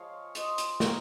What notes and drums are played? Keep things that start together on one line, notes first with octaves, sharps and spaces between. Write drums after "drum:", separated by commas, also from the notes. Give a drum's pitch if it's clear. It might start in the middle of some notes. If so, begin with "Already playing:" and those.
Already playing: F3 G#3 C#5 D#5 F5
F4 C5 D#5, drum: hi-hat
drum: hi-hat
C4 A#4 C#5, drum: snare